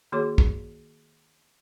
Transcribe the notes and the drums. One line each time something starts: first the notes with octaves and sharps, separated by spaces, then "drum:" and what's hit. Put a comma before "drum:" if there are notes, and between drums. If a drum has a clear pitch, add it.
D#3 A#3 F#4 G#4 C#5 D6
drum: kick